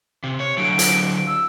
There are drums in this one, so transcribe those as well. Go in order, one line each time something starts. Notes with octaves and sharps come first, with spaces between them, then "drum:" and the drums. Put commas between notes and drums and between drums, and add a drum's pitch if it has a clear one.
C3
C#5
D3 F#3 D7
drum: hi-hat
E6